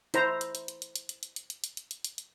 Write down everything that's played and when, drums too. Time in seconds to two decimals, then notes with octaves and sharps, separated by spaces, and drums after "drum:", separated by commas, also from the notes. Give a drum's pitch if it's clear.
0.14 E4 C5 A#5, drum: hi-hat
0.41 drum: hi-hat
0.55 drum: hi-hat
0.68 drum: hi-hat
0.82 drum: hi-hat
0.96 drum: hi-hat
1.09 drum: hi-hat
1.23 drum: hi-hat
1.36 drum: hi-hat
1.50 drum: hi-hat
1.64 drum: hi-hat
1.77 drum: hi-hat
1.91 drum: hi-hat
2.04 drum: hi-hat
2.18 drum: hi-hat